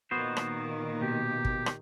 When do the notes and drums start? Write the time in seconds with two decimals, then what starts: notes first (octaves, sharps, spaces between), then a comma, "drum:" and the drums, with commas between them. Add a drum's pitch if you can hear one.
0.11 A#2 D#3 A#3 B3 F#4 C5
0.37 drum: rim click
1.01 B2 G4
1.45 drum: kick
1.66 drum: rim click